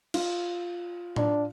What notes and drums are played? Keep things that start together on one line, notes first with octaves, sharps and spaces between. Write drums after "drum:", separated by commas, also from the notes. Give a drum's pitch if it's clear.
F4, drum: cymbal
D4, drum: tom A2